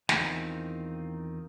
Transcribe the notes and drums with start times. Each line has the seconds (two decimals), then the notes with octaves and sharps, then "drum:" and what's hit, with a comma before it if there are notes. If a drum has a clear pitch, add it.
0.09 E2 D#3 C4 D#4 F4, drum: snare